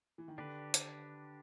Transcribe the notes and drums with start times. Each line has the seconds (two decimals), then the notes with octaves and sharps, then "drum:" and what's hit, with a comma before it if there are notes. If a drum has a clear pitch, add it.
0.18 E3
0.28 D#3
0.38 D3 D4 G4 B4
0.74 drum: hi-hat